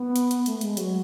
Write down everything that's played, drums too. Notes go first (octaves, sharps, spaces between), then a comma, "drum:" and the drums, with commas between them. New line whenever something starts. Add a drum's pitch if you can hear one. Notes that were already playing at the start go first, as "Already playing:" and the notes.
Already playing: B3
drum: hi-hat
drum: hi-hat
A3, drum: hi-hat
G#3, drum: hi-hat
F#3, drum: hi-hat